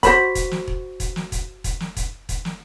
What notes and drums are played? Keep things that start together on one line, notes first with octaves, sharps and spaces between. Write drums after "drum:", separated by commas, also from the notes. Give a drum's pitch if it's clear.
F#4 C5 B5, drum: kick E1, hi-hat
drum: kick E1, hi-hat
drum: snare
drum: kick E1
drum: kick E1, hi-hat
drum: snare
drum: kick E1, hi-hat
drum: kick E1, hi-hat
drum: snare
drum: kick E1, hi-hat
drum: kick E1, hi-hat
drum: snare